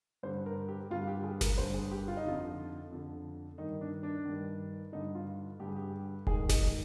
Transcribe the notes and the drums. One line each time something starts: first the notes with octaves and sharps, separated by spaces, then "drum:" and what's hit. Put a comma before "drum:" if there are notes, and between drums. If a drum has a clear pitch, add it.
G2 D3 C5
A#4
G4
G2 D3 F4
G4
G#4
A#4, drum: snare G1
G2 D3 C5
G#4
G4
F4
D#4
F2 D3 F4
F2 D3
G2 D#3 D#4
D4
D4
G2 D#3
G2 D3 D#4
F4
G2 D3 G4
G#4
G4
G#2 D#3 G#4, drum: kick E1
D#4, drum: snare G1